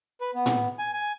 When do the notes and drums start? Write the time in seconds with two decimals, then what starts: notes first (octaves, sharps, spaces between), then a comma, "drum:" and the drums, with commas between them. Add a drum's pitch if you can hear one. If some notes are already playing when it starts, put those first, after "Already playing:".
0.21 B4
0.35 B3
0.46 drum: tom A2
0.79 G#5
0.93 G#5